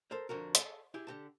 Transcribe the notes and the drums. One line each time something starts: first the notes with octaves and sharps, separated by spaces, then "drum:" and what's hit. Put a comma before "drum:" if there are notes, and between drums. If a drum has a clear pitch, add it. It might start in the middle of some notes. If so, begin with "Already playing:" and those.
A4 A#4 C5
F2 D3 F#4 A#4
G#4 A4, drum: hi-hat
E4 G4 G#4
D3 G4 A5